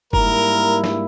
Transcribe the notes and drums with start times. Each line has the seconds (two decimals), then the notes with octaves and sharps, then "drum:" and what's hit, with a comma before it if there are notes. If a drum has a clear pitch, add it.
0.13 G#2 G3 A#3 E4 A#4, drum: kick F#1
0.84 drum: snare